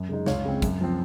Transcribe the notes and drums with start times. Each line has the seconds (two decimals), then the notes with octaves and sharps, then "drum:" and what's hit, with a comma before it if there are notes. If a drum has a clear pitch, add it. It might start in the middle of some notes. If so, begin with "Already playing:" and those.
Already playing: F#2
0.09 C#3 G#3 D#4
0.26 C#2 C#5 F5, drum: snare
0.45 C#3 G#3 C4
0.62 F#2, drum: kick, hi-hat
0.81 F3 C4